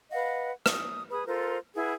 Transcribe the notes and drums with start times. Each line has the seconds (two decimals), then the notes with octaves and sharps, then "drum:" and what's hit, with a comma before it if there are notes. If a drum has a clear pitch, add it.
0.11 B4 D#5 F5 F#5
0.66 D#6, drum: rim click
1.10 G#4 B4 B5 D#6
1.26 F4 A4 A#4 C5
1.75 E4 G#4 B4 F#5